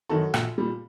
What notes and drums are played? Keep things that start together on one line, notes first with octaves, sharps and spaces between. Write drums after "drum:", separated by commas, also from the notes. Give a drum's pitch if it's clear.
F#2 D#3 F#3 F#4 A4
A#1, drum: rim click
A#2 G3